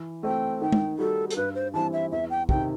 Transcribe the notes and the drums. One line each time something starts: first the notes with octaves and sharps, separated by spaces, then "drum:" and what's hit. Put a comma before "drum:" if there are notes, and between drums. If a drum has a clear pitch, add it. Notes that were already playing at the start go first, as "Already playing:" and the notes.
Already playing: E3
A3 C4 G5
D#3 G5
drum: tom G#3
G3 D#4 F#4 A4
A4, drum: hi-hat
G2 B4
C5
E3 G3 C4 E4 A5
E5
E2 E5
G5
C3 D#3 G5, drum: kick